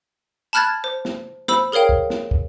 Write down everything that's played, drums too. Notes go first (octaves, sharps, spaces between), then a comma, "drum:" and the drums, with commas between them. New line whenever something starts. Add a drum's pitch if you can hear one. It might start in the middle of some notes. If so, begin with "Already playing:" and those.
A5 B5 F6 F#6 G#6 A6
C5
drum: snare
C5 B5 E6, drum: snare
G#4 A#4 C#5 F5 G5
drum: kick
drum: snare
drum: kick